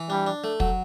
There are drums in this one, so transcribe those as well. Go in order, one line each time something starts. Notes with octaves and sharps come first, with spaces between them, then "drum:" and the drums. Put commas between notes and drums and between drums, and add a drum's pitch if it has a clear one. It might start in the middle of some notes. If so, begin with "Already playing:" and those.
Already playing: E3
G3 D4
D4
A3
F#3, drum: kick